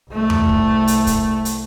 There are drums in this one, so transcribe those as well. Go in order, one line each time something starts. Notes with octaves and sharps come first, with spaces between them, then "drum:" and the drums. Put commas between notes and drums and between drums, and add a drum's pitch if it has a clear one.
C2 A3
drum: tom E2
drum: kick
drum: hi-hat
drum: kick, hi-hat
drum: hi-hat